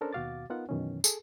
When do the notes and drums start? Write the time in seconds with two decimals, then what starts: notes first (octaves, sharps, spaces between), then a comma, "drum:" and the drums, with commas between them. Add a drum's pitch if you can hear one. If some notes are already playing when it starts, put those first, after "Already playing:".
0.01 C#4 D4 A4 A#4 C5
0.13 D#2 B2 F#4 F5 D6 A6
0.50 B3 D#4 F4 A#4 F#5
0.69 F#2 B2 D#3 E3 C#4
1.04 G#4 A4, drum: tambourine